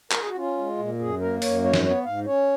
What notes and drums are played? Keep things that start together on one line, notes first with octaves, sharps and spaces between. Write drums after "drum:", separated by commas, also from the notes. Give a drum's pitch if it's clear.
A#4, drum: clap
G#4
F#4
C#4 F4
G#3
A#2
F#2 G#4
A#3 A#4
F#2 C#5, drum: open hi-hat
G#2 C#5
drum: snare
B3 C#5
G#2 F5
C#4 C#5